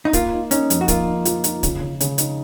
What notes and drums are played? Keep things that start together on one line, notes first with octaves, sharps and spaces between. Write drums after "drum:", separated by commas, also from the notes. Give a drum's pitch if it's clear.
D#4
A#3 F4, drum: kick, hi-hat
D#4
C#4 D#4, drum: hi-hat
F2, drum: hi-hat
F#4
A#3 F4, drum: kick, hi-hat
D#4
F3, drum: hi-hat
D#4, drum: hi-hat
C#3, drum: kick, hi-hat
C#3
C#3, drum: hi-hat
D#4, drum: hi-hat